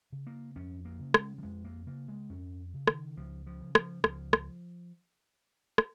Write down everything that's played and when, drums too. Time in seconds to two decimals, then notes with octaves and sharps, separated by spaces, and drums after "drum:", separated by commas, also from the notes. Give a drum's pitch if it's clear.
0.12 C#3
0.27 A#3
0.56 F2 C#4
0.85 A#3
1.00 C#3
1.14 G#3, drum: rim click
1.38 F3
1.43 F2 G#3
1.65 A#3
1.87 C#3 A#3
2.08 G#3
2.30 F2 C#4
2.74 C#3
2.87 D#3, drum: rim click
3.17 C#2 F3
3.47 F3
3.60 C#3
3.75 F3, drum: rim click
4.04 C#2 F3, drum: rim click
4.33 drum: rim click
5.78 drum: rim click